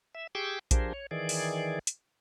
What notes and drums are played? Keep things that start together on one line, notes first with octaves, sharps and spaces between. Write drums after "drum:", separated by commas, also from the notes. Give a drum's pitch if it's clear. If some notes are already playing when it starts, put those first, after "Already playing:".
E5
G4 G#4 G5 C#6 D6 E6
F3 D4 G4 G#4 A#4 C5, drum: kick A#1, hi-hat
C#5
D#3 E3 G#4 D5
drum: open hi-hat
drum: hi-hat